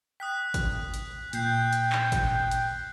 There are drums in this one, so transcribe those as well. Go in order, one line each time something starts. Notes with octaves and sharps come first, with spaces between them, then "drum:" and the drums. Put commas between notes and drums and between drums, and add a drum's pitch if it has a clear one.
G5 D#6 F#6 B6
drum: kick G#1, hi-hat
drum: hi-hat
A#2 G5 F#6 G6 C7, drum: hi-hat
drum: hi-hat
drum: clap
drum: kick G#1, hi-hat
drum: hi-hat